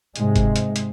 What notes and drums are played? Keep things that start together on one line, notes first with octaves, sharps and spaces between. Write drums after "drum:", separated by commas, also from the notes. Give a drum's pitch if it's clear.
G#2 C3 G#3, drum: hi-hat
drum: kick F#1, hi-hat
drum: hi-hat
drum: hi-hat